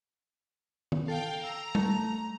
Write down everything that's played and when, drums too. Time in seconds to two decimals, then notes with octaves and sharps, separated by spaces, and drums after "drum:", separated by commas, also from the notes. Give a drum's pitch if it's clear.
0.92 drum: tom D#3
1.08 A4 F5 G5
1.44 A#5 E6
1.75 A3, drum: tom G3